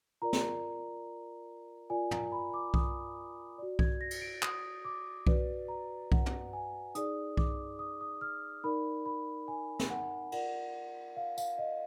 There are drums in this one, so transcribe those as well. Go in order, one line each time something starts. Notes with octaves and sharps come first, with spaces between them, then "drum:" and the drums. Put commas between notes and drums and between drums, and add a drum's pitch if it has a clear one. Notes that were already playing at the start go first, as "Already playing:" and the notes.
F4 A#4 D5 A#5
drum: snare
F4 A#4 D5 G#5
A#5, drum: tom
B5
D6
D#6, drum: kick B1
F#4 D5
G#6, drum: kick B1
A#6
drum: cymbal
D7
D#6, drum: clap
D6
F#4 B4 D5, drum: kick B1
A#5
F#5, drum: kick B1
drum: tom
G#5
D#4 G#4 D5 D#6, drum: hi-hat
D6, drum: kick B1
D#6
D#6
F6
D#4 A#4 D5 B5
B5
G#5
drum: snare
F#5
F4 A#4 D5 F#5, drum: cymbal
F5
F5, drum: tambourine
D#5